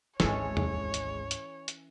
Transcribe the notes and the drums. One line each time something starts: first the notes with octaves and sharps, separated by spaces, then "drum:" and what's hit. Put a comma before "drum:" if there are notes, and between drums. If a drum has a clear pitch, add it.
G#1 D2 G#2 E3 G#3 C#4 A4 C#5, drum: snare
drum: tom E2
drum: hi-hat
drum: hi-hat
drum: hi-hat